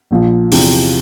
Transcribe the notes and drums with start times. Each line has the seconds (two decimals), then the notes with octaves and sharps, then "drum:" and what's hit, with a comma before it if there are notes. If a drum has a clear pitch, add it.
0.11 A#1 A#2 F3
0.52 E2 C3 F3, drum: open hi-hat